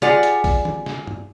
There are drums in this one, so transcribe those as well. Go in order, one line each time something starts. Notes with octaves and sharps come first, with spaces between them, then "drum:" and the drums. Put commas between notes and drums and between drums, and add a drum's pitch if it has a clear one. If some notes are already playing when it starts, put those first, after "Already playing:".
F4 G4 G#4 D5 F#5, drum: snare
drum: hi-hat
drum: kick A#1, open hi-hat
drum: tom
drum: snare
drum: tom